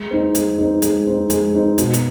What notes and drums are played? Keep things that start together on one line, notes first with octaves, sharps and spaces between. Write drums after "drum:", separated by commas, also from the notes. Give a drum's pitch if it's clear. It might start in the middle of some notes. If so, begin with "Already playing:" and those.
Already playing: G#3
C4 D#4
G#3, drum: hi-hat
C4 D#4
G#3, drum: hi-hat
C4 D#4
G#3, drum: hi-hat
C4 D#4
B2, drum: hi-hat
drum: hi-hat